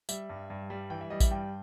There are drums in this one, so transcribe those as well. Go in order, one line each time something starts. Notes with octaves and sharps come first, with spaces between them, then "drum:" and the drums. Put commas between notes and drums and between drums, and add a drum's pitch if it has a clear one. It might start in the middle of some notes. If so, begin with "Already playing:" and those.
G3 E5, drum: tambourine
G2
G2
G3
E3 G5
E5
G3 D#5
E5, drum: kick A1, tambourine
G2 G5